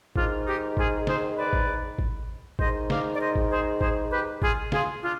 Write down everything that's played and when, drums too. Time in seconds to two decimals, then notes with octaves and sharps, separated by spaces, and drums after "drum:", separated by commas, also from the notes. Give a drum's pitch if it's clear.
0.16 G#2 D#3 D4 F4, drum: kick G#1
0.46 D#4 G4
0.77 F4 G#4, drum: kick G#1
1.07 G#4 C5, drum: snare
1.38 B4 D5
1.53 drum: kick G#1
1.99 drum: kick G#1
2.59 G#2 D#3 C5 D#5, drum: kick G#1
2.90 D5 F5, drum: snare
3.14 D5
3.20 C5 D#5
3.36 drum: kick G#1
3.50 G#4 C5
3.81 G#4 C5, drum: kick G#1
4.11 G4 B4
4.42 F4 G#4, drum: kick G#1
4.72 F4 G#4, drum: snare
5.03 D4 F4